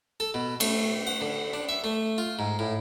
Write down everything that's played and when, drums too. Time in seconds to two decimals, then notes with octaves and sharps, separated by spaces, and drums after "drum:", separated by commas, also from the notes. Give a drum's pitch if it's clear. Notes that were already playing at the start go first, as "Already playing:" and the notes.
0.20 A4
0.34 B2
0.60 A3, drum: cymbal
1.07 F#5
1.21 D3
1.53 D4
1.69 E5
1.84 A3
2.18 F4
2.39 G#2
2.59 A2